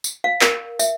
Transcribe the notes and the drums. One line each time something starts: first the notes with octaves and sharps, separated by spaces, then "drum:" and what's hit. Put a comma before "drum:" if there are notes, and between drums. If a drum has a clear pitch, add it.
drum: tambourine
F5
A#4, drum: clap
E5, drum: tambourine